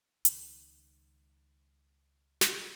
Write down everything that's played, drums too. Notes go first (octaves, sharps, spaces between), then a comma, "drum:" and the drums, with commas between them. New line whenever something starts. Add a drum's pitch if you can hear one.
C#2 D#3, drum: hi-hat
drum: snare